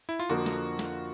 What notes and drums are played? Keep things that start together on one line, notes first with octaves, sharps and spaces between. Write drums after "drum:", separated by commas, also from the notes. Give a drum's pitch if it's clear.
E4
F4
F2 D3 F3 A#3 F#4
drum: snare
drum: snare